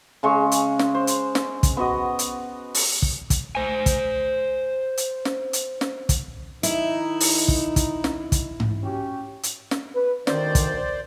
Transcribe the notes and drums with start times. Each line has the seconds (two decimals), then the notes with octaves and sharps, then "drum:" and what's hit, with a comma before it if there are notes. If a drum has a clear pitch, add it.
0.23 C#3 G#3 C#6
0.52 drum: hi-hat
0.79 drum: snare
0.95 C5
1.07 drum: hi-hat
1.35 drum: snare
1.63 drum: kick, hi-hat
1.77 B3 F#4 D#5
2.19 drum: hi-hat
2.74 drum: open hi-hat
3.02 drum: kick
3.30 drum: kick, hi-hat
3.55 C5 G#5
3.86 drum: kick, hi-hat
4.97 drum: hi-hat
5.25 drum: snare
5.53 drum: hi-hat
5.81 drum: snare
6.09 drum: kick, hi-hat
6.63 D#3 D#4 E4, drum: hi-hat
7.20 drum: open hi-hat
7.48 drum: kick
7.76 drum: kick, hi-hat
8.04 drum: snare
8.32 drum: kick, hi-hat
8.60 drum: tom G#2
8.83 C#4 F#4 G4
9.43 drum: hi-hat
9.71 drum: snare
9.95 B4
10.27 D2 D#3 C5 D5, drum: snare
10.55 drum: kick, hi-hat